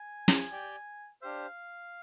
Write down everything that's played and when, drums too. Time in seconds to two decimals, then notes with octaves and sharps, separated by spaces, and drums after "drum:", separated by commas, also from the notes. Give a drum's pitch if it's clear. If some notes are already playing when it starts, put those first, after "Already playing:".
Already playing: G#5
0.28 drum: snare
0.51 G4 D5 G5
1.22 D4 G4 C5 F5